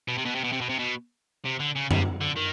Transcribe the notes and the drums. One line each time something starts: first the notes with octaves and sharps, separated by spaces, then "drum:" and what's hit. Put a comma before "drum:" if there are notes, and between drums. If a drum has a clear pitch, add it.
B2
C3
B2
C3
B2
C3
B2
C3
B2
C3
D3
C#3
C3, drum: tom F#2
D3
D#3